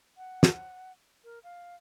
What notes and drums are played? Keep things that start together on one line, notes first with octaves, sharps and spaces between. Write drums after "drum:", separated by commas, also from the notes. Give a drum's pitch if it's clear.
F#5
drum: snare
A#4
F5